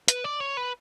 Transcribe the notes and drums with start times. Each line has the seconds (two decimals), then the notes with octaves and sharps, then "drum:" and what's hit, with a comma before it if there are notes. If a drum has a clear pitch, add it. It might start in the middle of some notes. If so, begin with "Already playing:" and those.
0.08 B4, drum: hi-hat
0.24 D5
0.40 C#5
0.57 B4